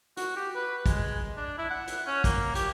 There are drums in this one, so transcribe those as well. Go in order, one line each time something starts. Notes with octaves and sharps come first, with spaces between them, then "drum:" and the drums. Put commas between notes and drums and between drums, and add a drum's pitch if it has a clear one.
F#4, drum: hi-hat
G4
B4
G#3, drum: kick, hi-hat
D4
E4
F#5
drum: hi-hat
C#4
A#3, drum: kick, hi-hat
G4, drum: hi-hat